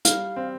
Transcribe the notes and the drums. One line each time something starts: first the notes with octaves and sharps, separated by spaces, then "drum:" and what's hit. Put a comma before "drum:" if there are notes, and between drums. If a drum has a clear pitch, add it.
G3 F5, drum: hi-hat
C4